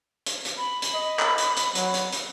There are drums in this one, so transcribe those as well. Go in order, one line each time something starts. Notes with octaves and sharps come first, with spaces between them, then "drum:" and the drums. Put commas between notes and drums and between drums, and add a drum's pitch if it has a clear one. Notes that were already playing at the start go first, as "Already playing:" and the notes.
drum: hi-hat
drum: hi-hat
B5
drum: hi-hat
D#5
drum: clap
drum: hi-hat
drum: hi-hat
F#3 B5, drum: hi-hat
drum: hi-hat
drum: hi-hat